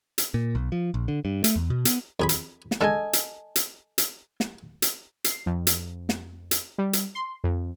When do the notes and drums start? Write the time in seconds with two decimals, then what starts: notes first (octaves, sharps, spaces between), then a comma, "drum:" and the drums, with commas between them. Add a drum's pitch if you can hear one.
0.18 drum: hi-hat
0.34 A#2
0.55 B1
0.72 F3
0.94 A#1
1.08 D3
1.25 G2
1.44 A3, drum: hi-hat
1.56 E2
1.70 B2
1.85 B3, drum: hi-hat
2.20 F2 G#4 B5
2.29 drum: hi-hat
2.71 drum: snare
2.81 D3 G#3 A4 D#5 G#5
3.13 drum: hi-hat
3.56 drum: hi-hat
3.98 drum: hi-hat
4.40 drum: snare
4.82 drum: hi-hat
5.24 C7, drum: hi-hat
5.46 F2
5.67 drum: hi-hat
6.09 drum: snare
6.51 drum: hi-hat
6.78 G3
6.93 drum: hi-hat
7.15 C6
7.44 F2